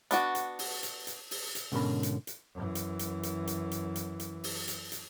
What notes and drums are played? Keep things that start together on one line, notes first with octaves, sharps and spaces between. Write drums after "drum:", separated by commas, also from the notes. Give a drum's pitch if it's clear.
B3 D4 F#4, drum: hi-hat
drum: hi-hat
drum: open hi-hat
drum: hi-hat
drum: hi-hat
drum: open hi-hat
drum: hi-hat
G#2 B2 D3 C#4 A#4 B5
drum: hi-hat
drum: hi-hat
F#2 E3
drum: hi-hat
drum: hi-hat
drum: hi-hat
drum: hi-hat
drum: hi-hat
drum: hi-hat
drum: hi-hat
drum: open hi-hat
drum: hi-hat
drum: hi-hat